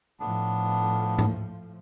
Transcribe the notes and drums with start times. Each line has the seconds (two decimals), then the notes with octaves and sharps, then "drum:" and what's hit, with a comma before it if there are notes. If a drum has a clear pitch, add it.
0.20 A2 F3 B3 D4
1.19 drum: tom G#2